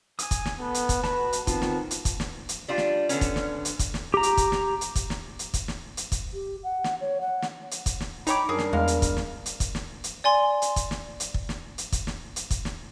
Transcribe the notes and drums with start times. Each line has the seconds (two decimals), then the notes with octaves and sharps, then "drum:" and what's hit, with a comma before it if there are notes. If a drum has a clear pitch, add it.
0.19 G#5 D#6, drum: hi-hat
0.31 drum: kick, hi-hat
0.45 drum: snare
0.60 B3 A4
0.74 drum: hi-hat
0.89 drum: kick, hi-hat
1.03 F#4 B4 A5, drum: snare
1.33 drum: hi-hat
1.47 D#3 B3 C4 F4 A5, drum: kick, hi-hat
1.62 drum: snare
1.91 drum: hi-hat
2.05 drum: kick, hi-hat
2.20 drum: snare
2.49 drum: hi-hat
2.68 G3 D4 F4
2.78 drum: snare
3.09 D3 B3 C#4, drum: hi-hat
3.21 drum: kick, hi-hat
3.36 drum: snare
3.65 drum: hi-hat
3.79 drum: kick, hi-hat
3.94 drum: snare
4.14 G4 A#5
4.23 drum: hi-hat
4.37 drum: kick, hi-hat
4.52 drum: snare
4.81 drum: hi-hat
4.96 drum: kick, hi-hat
5.10 drum: snare
5.39 drum: hi-hat
5.54 drum: kick, hi-hat
5.68 drum: snare
5.97 drum: hi-hat
6.12 drum: kick, hi-hat
6.34 G4
6.64 F#5
6.84 drum: snare
7.01 C#5
7.21 F#5
7.42 drum: snare
7.71 drum: hi-hat
7.86 drum: kick, hi-hat
8.00 drum: snare
8.27 D#4 C#5 G5 A#5 B5 D6, drum: hi-hat
8.49 F#2 G3 D4 G#4 A#4
8.58 drum: snare
8.73 E2 G#3 F5
8.88 drum: hi-hat
9.02 drum: kick, hi-hat
9.17 drum: snare
9.46 drum: hi-hat
9.60 drum: kick, hi-hat
9.75 drum: snare
10.04 drum: hi-hat
10.24 D5 G#5 C6
10.62 drum: hi-hat
10.76 drum: kick, hi-hat
10.91 drum: snare
11.20 drum: hi-hat
11.34 drum: kick
11.49 drum: snare
11.78 drum: hi-hat
11.92 drum: kick, hi-hat
12.07 drum: snare
12.36 drum: hi-hat
12.51 drum: kick, hi-hat
12.65 drum: snare